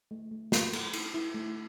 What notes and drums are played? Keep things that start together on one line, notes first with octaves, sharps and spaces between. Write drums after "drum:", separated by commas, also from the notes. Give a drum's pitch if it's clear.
A3
A3
A3, drum: snare
A4, drum: cymbal
E4, drum: cymbal
E4
A3